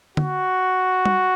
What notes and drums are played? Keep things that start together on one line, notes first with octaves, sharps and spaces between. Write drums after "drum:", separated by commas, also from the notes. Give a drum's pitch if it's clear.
F#4, drum: tom D3
drum: tom